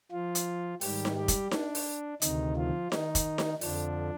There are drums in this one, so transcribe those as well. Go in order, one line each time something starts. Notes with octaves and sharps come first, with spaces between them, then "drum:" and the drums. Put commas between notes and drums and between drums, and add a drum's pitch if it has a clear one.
F3 F4
drum: hi-hat
G#2 D#3 G3 G4, drum: open hi-hat
drum: snare D#4
G3 G4
drum: kick, hi-hat
D4, drum: snare D#4
drum: open hi-hat
D2 C3 D#3 D#4, drum: hi-hat
F3 F4
D#3 D#4, drum: snare D#4
drum: kick, hi-hat
drum: snare D#4
F2 D3 F3 D4, drum: open hi-hat